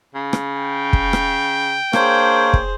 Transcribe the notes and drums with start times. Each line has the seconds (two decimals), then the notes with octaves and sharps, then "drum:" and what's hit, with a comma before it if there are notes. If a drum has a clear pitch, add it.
0.15 C#3
0.33 drum: rim click
0.57 G5
0.93 drum: kick
1.13 drum: rim click
1.93 A#3 D4 G#4 C5 C#5, drum: rim click
2.53 drum: kick